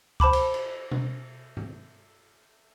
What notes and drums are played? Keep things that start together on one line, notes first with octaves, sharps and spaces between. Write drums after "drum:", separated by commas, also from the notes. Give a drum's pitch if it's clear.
C5 A5 B5 D6, drum: kick
drum: cymbal
drum: cymbal
drum: tom B2
drum: tom G2